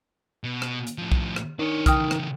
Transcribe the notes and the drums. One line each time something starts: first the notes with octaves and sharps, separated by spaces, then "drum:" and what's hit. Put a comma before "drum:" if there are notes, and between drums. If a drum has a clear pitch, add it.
B2
drum: rim click
drum: hi-hat
A2 F3
drum: kick B1
drum: rim click
D#3 D4 C#5
C#3 E3 G5 D#6 F6, drum: kick B1, hi-hat
drum: rim click